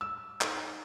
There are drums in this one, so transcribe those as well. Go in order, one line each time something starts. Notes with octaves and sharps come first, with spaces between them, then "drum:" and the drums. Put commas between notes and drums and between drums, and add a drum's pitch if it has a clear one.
E6
D#4, drum: clap